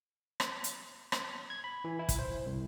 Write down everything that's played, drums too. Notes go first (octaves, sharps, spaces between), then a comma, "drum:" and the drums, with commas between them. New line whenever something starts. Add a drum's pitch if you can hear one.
drum: rim click
drum: hi-hat
drum: rim click
G#6
B5
E3
E4
drum: kick, hi-hat
C5
C2